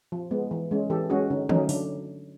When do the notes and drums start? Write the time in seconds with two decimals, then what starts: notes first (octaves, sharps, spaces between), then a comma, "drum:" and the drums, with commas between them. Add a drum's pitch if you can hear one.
0.12 F3
0.31 G#3 B3
0.51 E3
0.71 G#3 C#4
0.90 E3 G4 A4
1.10 G#3 C#4 F#4 G#4
1.30 D3 C#4 D#4
1.49 F#3 A3 C#4 D#4, drum: tom
1.69 D3 D4, drum: open hi-hat